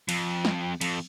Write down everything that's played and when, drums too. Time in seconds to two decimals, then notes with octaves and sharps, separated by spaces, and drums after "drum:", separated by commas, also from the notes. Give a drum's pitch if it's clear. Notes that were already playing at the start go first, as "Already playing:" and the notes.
0.09 F2, drum: cymbal
0.45 drum: snare
0.81 F2, drum: cymbal